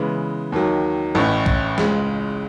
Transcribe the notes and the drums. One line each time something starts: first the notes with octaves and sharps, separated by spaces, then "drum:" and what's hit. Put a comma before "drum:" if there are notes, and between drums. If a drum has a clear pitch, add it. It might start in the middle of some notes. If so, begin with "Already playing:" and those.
Already playing: C#3 E3 G#3 B3
D#2 D#3 F#3
A1 A2 E3 A3 C#4
drum: kick
C#2 C#3 G#3, drum: snare